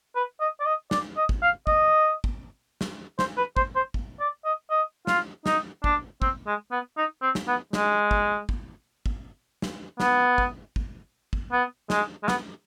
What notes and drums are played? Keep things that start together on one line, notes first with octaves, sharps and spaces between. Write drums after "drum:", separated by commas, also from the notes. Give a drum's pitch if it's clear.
B4
D#5
D5
D#5
D5, drum: snare
D#5
drum: kick
F5
D#5, drum: kick
drum: kick
drum: snare
C5, drum: snare
B4
C5, drum: kick
C5
drum: kick
D5
D#5
D#5
F4, drum: snare
D#4, drum: snare
D4, drum: kick
C4, drum: kick
G#3
B3
D#4
C4
drum: snare
B3
G#3, drum: snare
drum: kick
drum: kick
drum: kick
drum: snare
B3, drum: snare
drum: kick
drum: kick
drum: kick
B3
G#3, drum: snare
G#3
B3, drum: snare